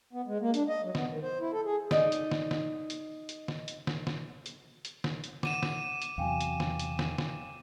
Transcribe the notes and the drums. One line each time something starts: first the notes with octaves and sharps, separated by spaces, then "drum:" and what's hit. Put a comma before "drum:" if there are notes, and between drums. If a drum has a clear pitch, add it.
B3
G#3
A#3
D4, drum: hi-hat
D#5
F#3
B3, drum: snare
D#3
C5
E4
A4
G#4
D#4 D5 D#5, drum: snare
drum: hi-hat
drum: snare
drum: snare
drum: hi-hat
drum: hi-hat
drum: snare
drum: hi-hat
drum: snare
drum: snare
drum: hi-hat
drum: hi-hat
drum: snare
drum: hi-hat
F#5 D6 D#7 E7, drum: snare
drum: snare
drum: hi-hat
E2 C3 F#3 F5 G5 G#5
drum: hi-hat
drum: snare
drum: hi-hat
drum: snare
drum: snare